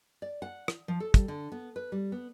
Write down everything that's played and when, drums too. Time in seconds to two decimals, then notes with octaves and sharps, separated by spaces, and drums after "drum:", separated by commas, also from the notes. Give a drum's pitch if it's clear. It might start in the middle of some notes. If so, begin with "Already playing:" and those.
0.22 D5
0.42 F#5
0.68 drum: rim click
0.88 F3
1.00 A4
1.14 G3, drum: kick, hi-hat
1.28 D3
1.52 B3
1.76 B4
1.92 G3
2.12 B3